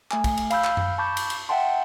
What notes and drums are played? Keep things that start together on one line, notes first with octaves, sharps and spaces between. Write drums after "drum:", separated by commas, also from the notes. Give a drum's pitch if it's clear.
A3 G#5, drum: clap
drum: kick, cymbal
drum: cymbal
F5 B5 E6 G6, drum: cymbal
drum: clap
drum: tom F#2
A5 B5 C#6 D6 G6
drum: cymbal
drum: cymbal
E5 F#5 G5 A5 C6